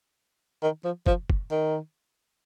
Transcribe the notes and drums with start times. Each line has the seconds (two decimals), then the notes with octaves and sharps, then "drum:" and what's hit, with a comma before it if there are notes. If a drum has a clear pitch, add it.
0.63 D#3
0.84 F3
1.06 F3, drum: kick
1.30 drum: kick
1.51 D#3